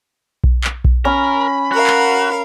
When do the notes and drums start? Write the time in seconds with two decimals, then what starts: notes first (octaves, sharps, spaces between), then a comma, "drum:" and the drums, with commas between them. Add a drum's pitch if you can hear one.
0.44 drum: kick B1
0.64 drum: clap
0.85 drum: kick B1
1.05 C#4 A#4 B5
1.72 F#4 A#4 F5
1.87 drum: clap